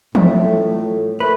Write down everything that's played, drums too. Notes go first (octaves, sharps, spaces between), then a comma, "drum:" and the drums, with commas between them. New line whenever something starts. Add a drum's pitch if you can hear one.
A2 A3 D4 F4, drum: tom E3
A3 A#3 B4